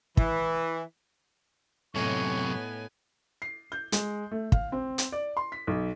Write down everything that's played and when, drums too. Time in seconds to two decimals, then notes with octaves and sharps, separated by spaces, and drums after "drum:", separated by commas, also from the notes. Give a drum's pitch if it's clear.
0.17 E3, drum: kick
1.95 F#2 A2 C3 B3 C#4 D#4 G#5 C#6
3.42 C7
3.72 G6
3.92 G#3, drum: hi-hat
4.31 A3
4.52 F5, drum: kick
4.72 C4
4.98 drum: hi-hat
5.12 D5
5.37 C6
5.52 B6
5.67 B1